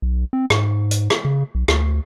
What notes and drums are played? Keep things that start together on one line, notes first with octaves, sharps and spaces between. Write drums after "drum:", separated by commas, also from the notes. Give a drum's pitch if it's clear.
B1
C4
G#2, drum: rim click
drum: hi-hat
drum: rim click
C#3
B1
D2, drum: rim click